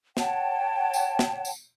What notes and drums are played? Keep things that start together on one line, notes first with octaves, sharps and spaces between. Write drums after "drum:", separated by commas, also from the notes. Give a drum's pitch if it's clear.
C#5 F#5 G5 A5, drum: snare
drum: tambourine
drum: snare
drum: tambourine